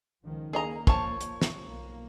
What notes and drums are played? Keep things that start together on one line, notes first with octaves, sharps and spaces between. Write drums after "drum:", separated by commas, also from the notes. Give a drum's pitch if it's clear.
C#2 D#3 F3
A#3 G#4 D#5 A#5
F3 C#5 A5, drum: kick
drum: hi-hat
drum: snare
B1 A#3